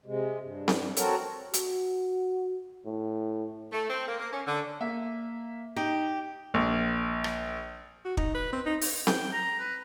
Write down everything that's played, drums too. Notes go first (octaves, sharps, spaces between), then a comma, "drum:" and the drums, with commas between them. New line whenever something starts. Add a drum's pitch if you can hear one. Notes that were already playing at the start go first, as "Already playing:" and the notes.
C3 G#3
G2
drum: snare C4
C4 F#4 A4 A#4 C#5, drum: hi-hat
F#4, drum: hi-hat
A2
A3
C4
A#3
A#3
C#4
D3
A#3 E5
D#4 G4
A#1
drum: rim click
F#4
D#4, drum: kick
B4
C4
D#4
drum: open hi-hat
G5, drum: snare C4
A#5
B4